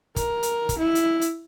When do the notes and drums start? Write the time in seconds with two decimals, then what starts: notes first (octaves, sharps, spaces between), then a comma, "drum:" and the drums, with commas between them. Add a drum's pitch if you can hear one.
0.16 A#4, drum: kick, hi-hat
0.43 drum: hi-hat
0.69 drum: kick, hi-hat
0.78 E4
0.95 drum: hi-hat
1.21 drum: hi-hat